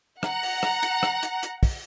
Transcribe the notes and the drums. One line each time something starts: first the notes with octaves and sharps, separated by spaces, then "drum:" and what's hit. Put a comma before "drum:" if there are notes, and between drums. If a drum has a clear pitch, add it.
F#5 A#5, drum: rim click
drum: open hi-hat
drum: rim click
drum: hi-hat
drum: rim click
drum: hi-hat
drum: hi-hat
drum: kick, open hi-hat